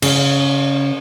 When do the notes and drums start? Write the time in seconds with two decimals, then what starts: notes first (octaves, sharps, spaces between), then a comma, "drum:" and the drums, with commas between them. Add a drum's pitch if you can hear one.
0.02 C#3, drum: cymbal